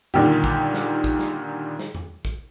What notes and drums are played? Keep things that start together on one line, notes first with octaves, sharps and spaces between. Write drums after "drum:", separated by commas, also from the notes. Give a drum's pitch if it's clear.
A#2 D3 D#3 G3 G4, drum: tom E2
drum: kick
drum: snare
drum: kick
drum: snare
drum: snare
drum: tom E2
drum: kick